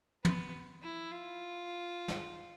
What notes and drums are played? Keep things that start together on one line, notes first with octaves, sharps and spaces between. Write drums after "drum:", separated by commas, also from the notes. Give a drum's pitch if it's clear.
B3, drum: tom
E4
F4
drum: snare